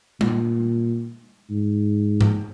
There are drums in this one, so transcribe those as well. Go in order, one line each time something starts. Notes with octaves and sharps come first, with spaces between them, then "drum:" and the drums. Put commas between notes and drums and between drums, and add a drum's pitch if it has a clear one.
A#2, drum: tom G3
G#2
drum: tom G#2